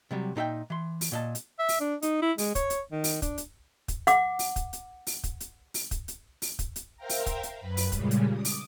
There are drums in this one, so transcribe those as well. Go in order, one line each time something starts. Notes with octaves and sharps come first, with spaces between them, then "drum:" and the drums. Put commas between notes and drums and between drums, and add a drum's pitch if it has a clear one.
C3 F#3 G3
A#2 D#4 G4 E5 G5
E3 C6
drum: open hi-hat
A#2 D#5 A5
drum: hi-hat
E5
drum: open hi-hat
D4
D#4, drum: hi-hat
E4
G#3, drum: open hi-hat
C#5, drum: kick, hi-hat
drum: hi-hat
D#3
drum: open hi-hat
D4, drum: kick, hi-hat
drum: hi-hat
drum: kick, hi-hat
F#5 D6, drum: hi-hat
drum: open hi-hat
drum: kick, hi-hat
drum: hi-hat
drum: open hi-hat
drum: kick, hi-hat
drum: hi-hat
drum: open hi-hat
drum: kick, hi-hat
drum: hi-hat
drum: open hi-hat
drum: kick, hi-hat
drum: hi-hat
A#4 C5 E5 F5 G5 A#5
drum: open hi-hat
drum: kick, hi-hat
drum: hi-hat
F#2 B4 B5
drum: open hi-hat
A#2 C#3 G3 G#3, drum: kick, hi-hat
drum: hi-hat
D6 D#6
drum: open hi-hat